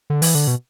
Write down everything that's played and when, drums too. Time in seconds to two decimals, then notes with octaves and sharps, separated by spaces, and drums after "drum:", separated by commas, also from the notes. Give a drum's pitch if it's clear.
0.10 D3
0.22 E3, drum: open hi-hat
0.35 D3
0.47 B2